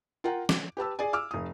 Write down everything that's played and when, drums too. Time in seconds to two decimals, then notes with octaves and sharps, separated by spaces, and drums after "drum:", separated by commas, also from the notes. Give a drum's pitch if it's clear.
0.24 F4 A#4 F#5 G5 A#5
0.49 D6, drum: snare
0.77 G4 B4 A5 E6
0.99 G#4 D5 G#5
1.13 D6 E6 F6
1.31 F1 D#6